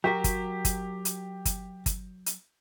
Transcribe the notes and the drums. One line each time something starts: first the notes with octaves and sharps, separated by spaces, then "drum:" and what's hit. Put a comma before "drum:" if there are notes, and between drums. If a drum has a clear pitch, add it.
F#3 F#4 G4 A#4
drum: kick G1, hi-hat
drum: kick G1, hi-hat
drum: hi-hat
drum: kick G1, hi-hat
drum: kick G1, hi-hat
drum: hi-hat